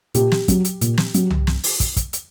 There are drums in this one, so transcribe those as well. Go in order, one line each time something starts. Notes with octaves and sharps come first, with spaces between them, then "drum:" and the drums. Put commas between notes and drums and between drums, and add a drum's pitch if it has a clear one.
A#2 G4, drum: hi-hat
drum: snare
F#3, drum: kick, hi-hat
drum: hi-hat
A#2, drum: hi-hat
drum: snare
F#3, drum: hi-hat
drum: tom C2
drum: snare
drum: open hi-hat
drum: kick, hi-hat
drum: kick, hi-hat
drum: hi-hat